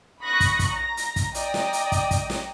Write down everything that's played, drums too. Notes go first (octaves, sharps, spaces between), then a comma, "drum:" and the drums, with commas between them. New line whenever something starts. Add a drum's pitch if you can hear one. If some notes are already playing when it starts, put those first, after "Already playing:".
B5 C#6 D#6 F#6 A#6
drum: kick, hi-hat
drum: kick, hi-hat
A#5 A#6
drum: hi-hat
drum: kick, hi-hat
D5 D#5 G5 A#5 D#6, drum: hi-hat
drum: snare
drum: hi-hat
drum: kick, hi-hat
drum: kick, hi-hat
drum: snare